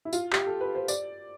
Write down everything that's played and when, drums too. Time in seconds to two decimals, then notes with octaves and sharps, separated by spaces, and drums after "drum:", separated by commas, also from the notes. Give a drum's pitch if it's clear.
0.05 E4
0.13 F4, drum: tambourine
0.33 G4, drum: clap
0.47 A4
0.61 B4
0.75 C5
0.88 D5, drum: tambourine